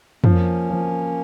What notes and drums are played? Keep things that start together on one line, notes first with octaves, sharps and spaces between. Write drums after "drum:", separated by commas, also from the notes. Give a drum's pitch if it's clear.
F3 A#3 C#4, drum: tom F2
F3